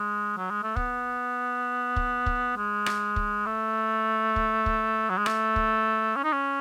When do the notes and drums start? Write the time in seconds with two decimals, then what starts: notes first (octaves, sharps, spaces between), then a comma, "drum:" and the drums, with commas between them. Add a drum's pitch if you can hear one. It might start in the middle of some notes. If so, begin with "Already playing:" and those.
Already playing: G#3
0.37 F#3
0.50 G#3
0.63 A3
0.76 B3, drum: kick
1.96 drum: kick
2.26 drum: kick
2.57 G#3
2.86 drum: rim click
3.16 drum: kick
3.46 A3
4.36 drum: kick
4.66 drum: kick
5.10 F#3
5.18 G#3
5.26 A3, drum: rim click
5.56 drum: kick
6.16 C#4
6.24 D#4
6.32 C#4